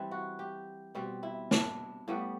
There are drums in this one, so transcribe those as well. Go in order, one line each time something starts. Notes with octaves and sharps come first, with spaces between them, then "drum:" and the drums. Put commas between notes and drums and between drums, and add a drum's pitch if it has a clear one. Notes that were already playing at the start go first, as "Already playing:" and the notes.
Already playing: E3 G3 C4 E4
F#4
G4
B2 G3 C4
E4
D4, drum: snare
A2 G3 B3